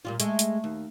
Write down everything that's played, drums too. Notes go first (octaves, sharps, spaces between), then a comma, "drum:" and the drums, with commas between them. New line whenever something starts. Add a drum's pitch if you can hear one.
A#2 G3 F4
G#3 A3, drum: hi-hat
drum: hi-hat
D#2